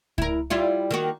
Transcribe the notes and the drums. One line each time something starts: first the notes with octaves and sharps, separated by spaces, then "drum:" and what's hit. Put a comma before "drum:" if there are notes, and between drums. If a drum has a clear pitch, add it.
E4 A#4, drum: kick C#2
G3 E4 F4
D#3 A#3 F#4